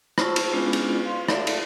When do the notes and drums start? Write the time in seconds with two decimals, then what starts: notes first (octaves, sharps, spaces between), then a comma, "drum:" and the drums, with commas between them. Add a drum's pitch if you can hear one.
0.18 F4 C5 A5 C#6 E6, drum: rim click
0.36 drum: cymbal
0.53 G#3 B3 C#4 D4 E4 F4
0.73 drum: cymbal
1.05 F5 C6
1.28 A4 D5 E5 F5 A5, drum: rim click
1.47 drum: cymbal